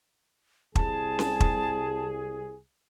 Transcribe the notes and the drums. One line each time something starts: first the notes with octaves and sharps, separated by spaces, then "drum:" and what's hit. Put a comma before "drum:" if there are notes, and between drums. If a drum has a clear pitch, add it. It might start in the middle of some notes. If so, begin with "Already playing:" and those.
C2 G#4 A5, drum: kick
drum: snare C#4
drum: kick